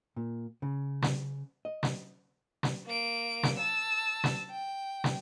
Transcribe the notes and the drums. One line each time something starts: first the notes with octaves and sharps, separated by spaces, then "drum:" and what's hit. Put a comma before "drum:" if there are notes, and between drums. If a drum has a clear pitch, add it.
A#2
C#3
drum: snare
D#5
drum: snare
drum: snare
A#3 D7
drum: snare
A5 E6
drum: snare
G5
drum: snare